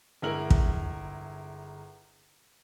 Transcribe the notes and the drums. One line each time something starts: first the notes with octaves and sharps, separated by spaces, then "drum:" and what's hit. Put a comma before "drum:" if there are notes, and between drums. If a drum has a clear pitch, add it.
G1 G#3 E4 A#4 F#7
drum: kick